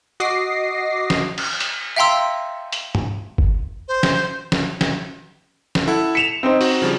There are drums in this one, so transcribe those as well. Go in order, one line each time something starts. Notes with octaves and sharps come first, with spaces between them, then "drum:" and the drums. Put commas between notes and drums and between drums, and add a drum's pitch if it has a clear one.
F#4 D#5 D6 D#6 A#6 C7
drum: snare
drum: cymbal
drum: hi-hat
E5 F5 G5 A#5 C6 E6
drum: hi-hat
drum: tom
drum: kick
C5
drum: snare
drum: snare
drum: snare
drum: snare
E4 A4 F#5
B6 C#7 E7 F7
C4 D#4 C5
F#4, drum: open hi-hat
C#3 F3 G3